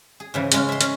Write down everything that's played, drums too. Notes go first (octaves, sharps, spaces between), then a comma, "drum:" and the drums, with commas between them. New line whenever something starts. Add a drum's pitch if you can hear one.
G#4
G#2 C#3 E3
C#3 G#3 C#4, drum: hi-hat
E5 C6
C#4, drum: hi-hat